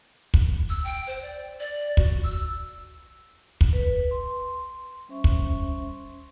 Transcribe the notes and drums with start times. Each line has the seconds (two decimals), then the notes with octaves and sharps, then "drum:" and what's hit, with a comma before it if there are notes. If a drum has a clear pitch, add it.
0.34 drum: kick
0.69 E6
0.84 G5
1.07 C5
1.22 D5
1.60 D5
1.97 F#4, drum: kick
2.23 E6
3.61 drum: kick
3.73 B4
4.11 C6
5.08 G3 C#4 C5 E5 C6 C#6
5.24 drum: kick